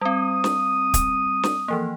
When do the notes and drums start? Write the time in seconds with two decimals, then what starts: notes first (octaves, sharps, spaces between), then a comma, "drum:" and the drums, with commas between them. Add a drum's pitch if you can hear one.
0.01 G3 C4 D#6
0.44 drum: snare
0.94 drum: kick, hi-hat
1.43 drum: snare
1.68 E3 F3 A#3